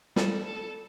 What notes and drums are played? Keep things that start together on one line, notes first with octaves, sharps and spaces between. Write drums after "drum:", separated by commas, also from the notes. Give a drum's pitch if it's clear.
G3 A4, drum: snare
A4